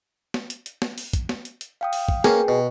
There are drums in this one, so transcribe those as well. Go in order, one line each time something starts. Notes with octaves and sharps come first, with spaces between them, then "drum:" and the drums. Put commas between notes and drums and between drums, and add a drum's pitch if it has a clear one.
drum: snare
drum: hi-hat
drum: hi-hat
drum: snare
drum: open hi-hat
drum: kick, hi-hat
drum: snare
drum: hi-hat
drum: hi-hat
F5 G5 D#6
drum: open hi-hat
drum: kick
A#3 C#4 G#4 B4 G5, drum: snare
B2